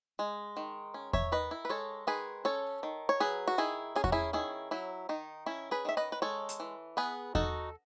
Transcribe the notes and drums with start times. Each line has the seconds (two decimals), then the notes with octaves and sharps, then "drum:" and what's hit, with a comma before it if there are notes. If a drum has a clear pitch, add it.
0.19 G#3
0.57 D#3
0.94 C#4
1.13 C#5 E5, drum: kick E2
1.32 D#3 B4 D#5
1.51 E4
1.65 B4
1.69 G#3 A4 C#5
2.07 D#3 G#4 B4
2.45 C#4 A4 C#5
2.83 D#3
3.09 C#5
3.20 F#3 G#4 B4
3.48 F#4
3.58 D#3 E4 G#4
3.96 C#4 G#4
4.04 F#4, drum: kick E2
4.12 E4 G#4
4.33 D#3 E4 G#4
4.71 F#3 E4
5.09 D#3 D#4
5.46 C#4 E4
5.71 G#4 B4
5.85 D#3 E5
5.97 B4 D#5
6.12 B4
6.22 G#3 A4 C#5
6.49 drum: hi-hat
6.60 E3
6.97 B3 G#4 B4
7.35 D#4 F#4 A4, drum: kick E2